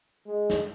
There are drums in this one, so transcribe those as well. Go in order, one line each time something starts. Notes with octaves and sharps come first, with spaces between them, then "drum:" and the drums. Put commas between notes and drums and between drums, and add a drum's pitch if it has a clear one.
G#3
drum: snare